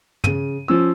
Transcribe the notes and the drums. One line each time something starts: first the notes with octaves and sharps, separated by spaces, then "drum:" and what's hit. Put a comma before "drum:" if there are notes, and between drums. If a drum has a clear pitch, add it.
C#3 D#7, drum: tom
F3 C#4 E6